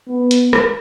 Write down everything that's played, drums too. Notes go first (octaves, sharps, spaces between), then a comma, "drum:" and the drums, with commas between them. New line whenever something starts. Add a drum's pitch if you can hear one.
B3
drum: hi-hat
drum: rim click